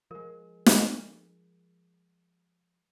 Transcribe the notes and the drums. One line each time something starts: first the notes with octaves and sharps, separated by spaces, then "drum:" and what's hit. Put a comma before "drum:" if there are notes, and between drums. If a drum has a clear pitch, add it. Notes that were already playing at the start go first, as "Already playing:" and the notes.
F3 G#3 A#4
drum: snare